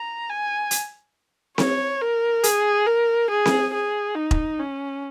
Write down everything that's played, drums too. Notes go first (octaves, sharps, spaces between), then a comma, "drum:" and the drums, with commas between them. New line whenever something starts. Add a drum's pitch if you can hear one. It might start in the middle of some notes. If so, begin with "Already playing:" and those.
Already playing: A#5
G#5
drum: hi-hat
C#5, drum: snare C4
A#4
G#4, drum: hi-hat
A#4
G#4
drum: snare C4
G#4
D#4
drum: kick E1
C#4